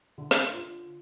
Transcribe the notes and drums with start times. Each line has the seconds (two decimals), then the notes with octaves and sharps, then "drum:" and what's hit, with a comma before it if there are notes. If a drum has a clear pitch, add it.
0.18 D3
0.31 drum: snare
0.53 F4